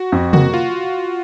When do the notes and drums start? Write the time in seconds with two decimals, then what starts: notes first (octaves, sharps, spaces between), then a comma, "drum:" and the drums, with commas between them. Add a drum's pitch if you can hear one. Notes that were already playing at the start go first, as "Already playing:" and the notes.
Already playing: F#4
0.12 F2
0.33 A#3 F#4, drum: tom C3
0.54 F4